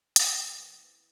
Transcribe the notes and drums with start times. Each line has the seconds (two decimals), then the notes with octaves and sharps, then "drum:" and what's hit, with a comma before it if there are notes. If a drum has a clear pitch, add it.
0.16 E3, drum: hi-hat
0.37 E3 A#3
0.58 E3 C4
0.79 E3 C4